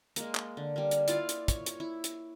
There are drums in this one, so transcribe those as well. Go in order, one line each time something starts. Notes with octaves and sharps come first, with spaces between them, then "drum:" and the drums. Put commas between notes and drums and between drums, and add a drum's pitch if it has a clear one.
G#3 A#3, drum: hi-hat
drum: clap
D3
G3 A#3
drum: hi-hat
E4 F4 D5 F5, drum: hi-hat
drum: hi-hat
C#5, drum: kick, hi-hat
drum: hi-hat
E4
drum: hi-hat